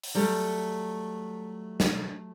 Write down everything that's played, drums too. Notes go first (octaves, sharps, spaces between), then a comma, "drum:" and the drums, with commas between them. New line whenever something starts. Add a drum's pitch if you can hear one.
drum: open hi-hat
F#3 G3 A3
drum: snare